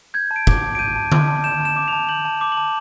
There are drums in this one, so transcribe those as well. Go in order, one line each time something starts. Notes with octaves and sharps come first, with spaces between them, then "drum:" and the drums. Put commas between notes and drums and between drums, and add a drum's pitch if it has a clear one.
G6 G#6
A5
D7
D6, drum: kick
A5
D7
G6 D#7
A5
D6, drum: tom D3
A5
G6 E7
A5 E7
D6
A5 F7
G6 F#7
A5
D6
F#7
A5